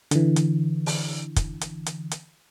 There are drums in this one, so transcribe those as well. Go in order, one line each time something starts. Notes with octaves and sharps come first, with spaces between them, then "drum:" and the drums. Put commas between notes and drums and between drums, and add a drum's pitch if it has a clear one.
D3 E3, drum: hi-hat
drum: hi-hat
drum: open hi-hat
drum: kick, hi-hat
drum: hi-hat
drum: hi-hat
drum: hi-hat